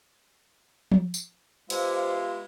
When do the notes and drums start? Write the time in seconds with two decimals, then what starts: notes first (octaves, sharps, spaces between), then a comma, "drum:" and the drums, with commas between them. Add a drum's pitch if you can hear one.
0.92 drum: tom F3
1.14 drum: tambourine
1.70 B2 G#3 E4 F4 G4 C5 F5, drum: cymbal